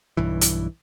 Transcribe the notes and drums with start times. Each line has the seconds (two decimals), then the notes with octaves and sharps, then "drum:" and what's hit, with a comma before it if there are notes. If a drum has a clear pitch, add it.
0.17 B1 G2 E3
0.41 drum: hi-hat